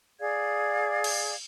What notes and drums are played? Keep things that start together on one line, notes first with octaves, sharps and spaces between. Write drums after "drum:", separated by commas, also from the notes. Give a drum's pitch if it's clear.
G#4 D5 F5 G#6
drum: cymbal